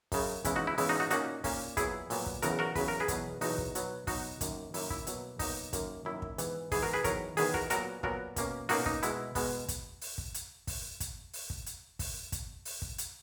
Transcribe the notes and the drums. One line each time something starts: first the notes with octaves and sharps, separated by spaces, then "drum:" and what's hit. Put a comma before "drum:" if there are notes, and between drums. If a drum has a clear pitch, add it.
F#2 C#3 F#3, drum: kick, open hi-hat
E2 C#3 G#3 E4, drum: kick, hi-hat
D#4 F#4
E4
E2 C#3 G#3 E4, drum: open hi-hat
D#4 F#4
D#4 F#4
A#2 A#3 C#4 D#4 F#4, drum: hi-hat
A#2 A#3 C#4, drum: kick, open hi-hat
A#2 F#3 B3 E4 G#4, drum: kick, hi-hat
A#2 F#3 B3, drum: open hi-hat
drum: kick
E2 C#3 F#3 F#4 A#4, drum: hi-hat
F#4 A#4
E2 C#3 F#3 B4, drum: kick, open hi-hat
A#4
G#4 B4
E2 B2 F#3, drum: kick, hi-hat
E2 B2 F#3 D#4 F#4, drum: open hi-hat
drum: kick
B2 F#3 B3, drum: hi-hat
B2 F#3 B3 D#4 F#4, drum: kick, open hi-hat
F#2 D#3 F#3 A#3, drum: kick, hi-hat
F#2 D#3 F#3 A#3 E4, drum: open hi-hat
E4, drum: kick
B2 F#3 A#3, drum: hi-hat
B2 F#3 A#3 D#4, drum: kick, open hi-hat
F#2 D#3 A#3, drum: kick, hi-hat
F#2 D#3 A#3 E4
drum: kick
G#2 E3 B3, drum: hi-hat
G#2 E3 B3 E4 G#4, drum: kick, open hi-hat
F#4 A#4
G#4 B4
E2 D#3 F#3 B3 A#4 C#5, drum: kick, hi-hat
E2 D#3 F#3 B3 G#4 B4, drum: open hi-hat
F#4 A#4, drum: kick
A#2 F#3 B3 F#4 A#4, drum: hi-hat
A#2 F#3 B3 F#4 A#4, drum: kick
B2 A#3 C#4, drum: kick, hi-hat
B2 A#3 C#4 D#4 F#4, drum: open hi-hat
D#4, drum: kick
B2 G#3 B3 E4, drum: hi-hat
B2 G#3 B3, drum: kick, open hi-hat
drum: kick, hi-hat
drum: open hi-hat
drum: kick
drum: hi-hat
drum: kick, open hi-hat
drum: kick, hi-hat
drum: open hi-hat
drum: kick
drum: hi-hat
drum: kick, open hi-hat
drum: kick, hi-hat
drum: open hi-hat
drum: kick
drum: hi-hat